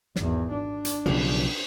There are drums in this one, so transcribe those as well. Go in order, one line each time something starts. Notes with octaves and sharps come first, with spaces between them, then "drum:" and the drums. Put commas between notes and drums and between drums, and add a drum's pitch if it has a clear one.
G#1 E2, drum: snare
D4
drum: hi-hat
B1 C#3 F3, drum: cymbal